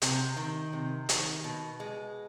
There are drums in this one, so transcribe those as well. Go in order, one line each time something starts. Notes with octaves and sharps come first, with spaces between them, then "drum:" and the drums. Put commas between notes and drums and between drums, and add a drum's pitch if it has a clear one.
C3, drum: hi-hat
D#3
C3
D#3, drum: hi-hat
B2
G#3